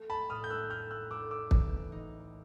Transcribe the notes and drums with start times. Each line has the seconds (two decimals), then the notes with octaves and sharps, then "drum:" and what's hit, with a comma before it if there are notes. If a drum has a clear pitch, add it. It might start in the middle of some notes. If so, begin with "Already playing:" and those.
Already playing: A3
0.10 A5 B5
0.30 A2 D#6 F6
0.44 G6
0.50 E6 F#6
0.70 A3 F6 G6
0.91 E6 F#6
1.11 A3 D6 E6
1.31 D6 E6
1.51 E3, drum: kick
1.92 D#4